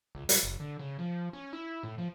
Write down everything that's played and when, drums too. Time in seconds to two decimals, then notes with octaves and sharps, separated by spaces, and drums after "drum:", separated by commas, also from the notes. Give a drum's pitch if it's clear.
0.15 C#2
0.29 G3, drum: hi-hat
0.43 F#1
0.60 D3
0.79 C#3
0.99 F3
1.33 C#4
1.53 E4
1.83 A2
1.98 F3